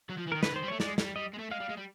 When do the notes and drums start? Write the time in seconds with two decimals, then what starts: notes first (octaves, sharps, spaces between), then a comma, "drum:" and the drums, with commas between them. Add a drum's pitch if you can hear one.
0.09 F#3
0.17 F3
0.27 E3
0.32 D#3 A#4
0.43 D3 B4, drum: snare
0.53 D#3
0.56 C5
0.62 G3
0.68 A3 C#5
0.80 G#3 D5, drum: snare
0.98 G3, drum: snare
1.16 G3 D#5
1.33 G#3
1.38 A3
1.50 G#3 F5
1.60 G3
1.69 G#3
1.77 G3